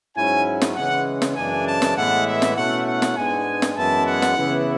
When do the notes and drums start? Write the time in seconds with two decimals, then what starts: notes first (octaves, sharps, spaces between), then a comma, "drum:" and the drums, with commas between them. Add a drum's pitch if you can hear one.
0.17 G#2 F#3 C#4 E4 G#5
0.61 drum: snare
0.76 C#3 E3 G#3 C#4 F#5
1.22 drum: snare
1.36 F#2 C#3 E3 G#3 D4 G#5
1.67 A5
1.82 drum: snare
1.97 A2 E3 G#3 B3 E4 F#5
2.27 E5
2.42 drum: snare
2.57 B2 A3 C#4 E4 F#5
2.87 F#5
3.02 drum: snare
3.17 G#2 G#3 B3 D4 G#5
3.62 drum: snare
3.77 F#2 E3 G#3 B3 E4 A5
4.07 F#5
4.22 drum: snare
4.37 C#3 E3 B3 E4